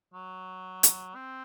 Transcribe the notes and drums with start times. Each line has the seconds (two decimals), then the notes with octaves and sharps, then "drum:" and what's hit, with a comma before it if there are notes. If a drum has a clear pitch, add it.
0.14 F#3
0.83 drum: hi-hat
1.15 C4